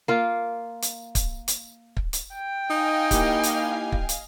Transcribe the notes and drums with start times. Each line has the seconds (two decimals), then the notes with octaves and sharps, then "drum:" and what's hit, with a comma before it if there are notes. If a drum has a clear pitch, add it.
0.08 A#3 F4
0.82 drum: hi-hat
1.15 drum: kick, hi-hat
1.48 drum: hi-hat
1.97 drum: kick
2.13 drum: hi-hat
2.35 G5
2.70 D#4 D#5 F5 G#5
3.11 A#3 E4 G4, drum: kick, hi-hat
3.43 drum: hi-hat
3.92 drum: kick
4.09 drum: hi-hat